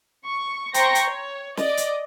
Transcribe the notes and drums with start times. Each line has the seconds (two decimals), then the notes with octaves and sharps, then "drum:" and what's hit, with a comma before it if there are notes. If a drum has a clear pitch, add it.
0.25 C#6
0.74 C5 G5 A#5 C6 C#6 A#6, drum: hi-hat
0.95 drum: hi-hat
1.06 C#5
1.57 D5 D#5, drum: snare
1.77 drum: hi-hat